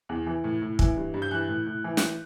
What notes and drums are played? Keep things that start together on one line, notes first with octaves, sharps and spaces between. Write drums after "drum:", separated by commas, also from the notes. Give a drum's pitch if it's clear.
E2
E3
A2
A2
E3, drum: kick
G2
G2
G6
E3 F#6
A2
A2
E3
drum: snare